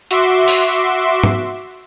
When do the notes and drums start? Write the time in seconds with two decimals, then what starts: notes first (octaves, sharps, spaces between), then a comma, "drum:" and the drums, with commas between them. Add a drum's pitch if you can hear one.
0.11 F#4 E5 C6 D6, drum: hi-hat
0.48 drum: open hi-hat
1.23 drum: tom G#2